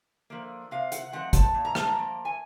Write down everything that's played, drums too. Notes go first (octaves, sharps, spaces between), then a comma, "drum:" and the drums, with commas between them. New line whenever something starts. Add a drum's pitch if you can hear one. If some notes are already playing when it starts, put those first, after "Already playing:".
D3 F3 A#3
C3 F5
F#5, drum: hi-hat
F3 G#3 C4 F#5
A5, drum: kick, hi-hat
A#2
A#5
A5, drum: rim click
A#5
F3 A#3
G#5